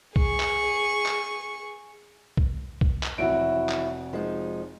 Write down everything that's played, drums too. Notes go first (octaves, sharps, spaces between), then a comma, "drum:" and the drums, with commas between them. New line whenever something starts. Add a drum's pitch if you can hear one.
G#4 C#6, drum: kick
drum: clap
drum: clap
drum: kick
drum: kick
drum: clap
F1 E2 F#3 E4 F#4 D7
drum: clap
F3 G#3 D#4